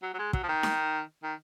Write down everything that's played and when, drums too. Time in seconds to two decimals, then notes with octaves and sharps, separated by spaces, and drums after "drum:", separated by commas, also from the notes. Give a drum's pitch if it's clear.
0.03 F#3
0.14 F#3
0.19 G#3
0.33 F#3, drum: kick
0.43 F3
0.48 D#3
0.63 drum: snare D#4
1.23 D#3